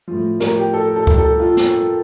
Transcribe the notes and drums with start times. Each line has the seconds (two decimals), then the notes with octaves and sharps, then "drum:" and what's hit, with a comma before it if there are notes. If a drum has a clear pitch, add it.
0.08 A2 F3
0.40 A#4, drum: snare
0.57 G4
0.73 A4
0.96 A4
1.07 drum: kick C#2
1.18 A4
1.40 F4
1.57 drum: snare